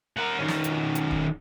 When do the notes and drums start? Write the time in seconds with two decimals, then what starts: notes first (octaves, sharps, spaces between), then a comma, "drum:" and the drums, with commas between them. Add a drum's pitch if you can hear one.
0.17 A#4 F#5
0.39 D#3 C#4
0.48 drum: snare
0.64 drum: hi-hat
0.95 drum: hi-hat
1.11 drum: kick